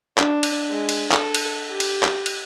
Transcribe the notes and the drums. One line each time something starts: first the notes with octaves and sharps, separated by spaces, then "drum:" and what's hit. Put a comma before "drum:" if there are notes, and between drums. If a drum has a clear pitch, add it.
D4, drum: clap
drum: cymbal
G#3
drum: cymbal
A4, drum: clap
drum: cymbal
G4
drum: cymbal
drum: clap
drum: cymbal